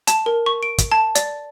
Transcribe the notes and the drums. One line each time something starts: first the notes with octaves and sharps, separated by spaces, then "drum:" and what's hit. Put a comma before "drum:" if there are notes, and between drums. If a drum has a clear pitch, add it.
A5, drum: hi-hat
A#4
C#6
D7
drum: kick, hi-hat
A5
D5, drum: hi-hat